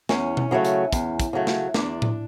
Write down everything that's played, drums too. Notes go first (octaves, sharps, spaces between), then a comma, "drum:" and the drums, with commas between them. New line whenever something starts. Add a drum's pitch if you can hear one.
E2 C#4, drum: snare
drum: tom B2
C#3 F#3 A3
drum: hi-hat
E2, drum: kick, hi-hat
drum: kick, hi-hat
C#3 F#3 A3
drum: snare
E2 D4, drum: snare
drum: tom A2